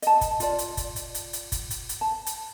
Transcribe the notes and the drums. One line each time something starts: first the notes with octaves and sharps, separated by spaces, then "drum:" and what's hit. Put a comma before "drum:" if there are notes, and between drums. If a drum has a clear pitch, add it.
D#5 A5, drum: hi-hat
drum: kick, hi-hat
F4 D5, drum: hi-hat
drum: hi-hat
drum: kick, hi-hat
drum: hi-hat
drum: hi-hat
drum: hi-hat
drum: kick, hi-hat
drum: hi-hat
drum: hi-hat
A5
drum: hi-hat